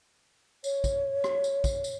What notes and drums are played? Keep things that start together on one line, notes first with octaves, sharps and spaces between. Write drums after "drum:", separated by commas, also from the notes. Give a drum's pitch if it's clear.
C#5, drum: tambourine
drum: kick, tambourine
drum: rim click
drum: tambourine
drum: kick, tambourine
drum: tambourine